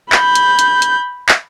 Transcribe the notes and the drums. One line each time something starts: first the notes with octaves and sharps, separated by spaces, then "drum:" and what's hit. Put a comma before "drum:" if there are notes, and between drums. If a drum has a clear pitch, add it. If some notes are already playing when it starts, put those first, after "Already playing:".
B5 G6, drum: clap
drum: hi-hat
drum: hi-hat
drum: hi-hat
drum: clap